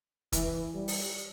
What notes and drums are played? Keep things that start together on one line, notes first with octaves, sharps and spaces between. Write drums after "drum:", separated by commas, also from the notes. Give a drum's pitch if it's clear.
E3, drum: kick, hi-hat
G3
drum: open hi-hat